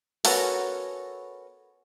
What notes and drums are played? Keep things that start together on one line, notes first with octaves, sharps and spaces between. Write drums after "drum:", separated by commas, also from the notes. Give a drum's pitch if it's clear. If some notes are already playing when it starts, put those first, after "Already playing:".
B3 C#4 F#4 A4 A#4, drum: open hi-hat